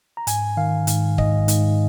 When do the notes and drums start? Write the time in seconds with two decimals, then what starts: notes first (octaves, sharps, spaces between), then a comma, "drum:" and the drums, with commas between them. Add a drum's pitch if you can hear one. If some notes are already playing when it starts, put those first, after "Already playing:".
0.17 A#5
0.27 G#2 G#5, drum: hi-hat
0.57 D#3 F5
0.87 G#2, drum: hi-hat
1.18 G#2 D#5, drum: kick
1.48 G#2, drum: hi-hat